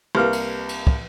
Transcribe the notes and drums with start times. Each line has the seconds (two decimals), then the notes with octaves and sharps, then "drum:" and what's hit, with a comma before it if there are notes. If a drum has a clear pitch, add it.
0.15 C2 A#3 G4 B4
0.33 drum: cymbal
0.69 drum: cymbal
0.87 drum: kick